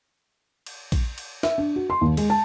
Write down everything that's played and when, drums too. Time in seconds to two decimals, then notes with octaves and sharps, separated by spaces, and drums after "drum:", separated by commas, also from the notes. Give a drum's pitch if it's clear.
0.66 drum: cymbal
0.92 drum: kick, cymbal
1.18 drum: cymbal
1.43 E5, drum: snare
1.58 D4
1.76 F#4
1.90 C6
2.01 D#2
2.17 G#3, drum: cymbal
2.30 A5